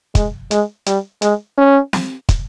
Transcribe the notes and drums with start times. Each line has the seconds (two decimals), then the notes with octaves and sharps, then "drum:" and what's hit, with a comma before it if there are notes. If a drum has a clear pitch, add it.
0.15 G#3, drum: kick, hi-hat
0.51 G#3, drum: hi-hat
0.86 G3, drum: hi-hat
1.22 G#3, drum: hi-hat
1.57 C#4
1.93 drum: snare
2.29 drum: kick, hi-hat